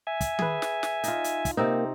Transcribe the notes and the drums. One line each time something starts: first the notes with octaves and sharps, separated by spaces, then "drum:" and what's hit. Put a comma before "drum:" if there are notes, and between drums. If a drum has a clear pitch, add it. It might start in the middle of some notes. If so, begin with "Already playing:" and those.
E5 G#5
drum: kick, hi-hat
G#4 B4, drum: tom D#3
drum: snare
drum: snare
D#4 F4, drum: hi-hat
drum: hi-hat
drum: kick, hi-hat
C3 A#3 C4 D#4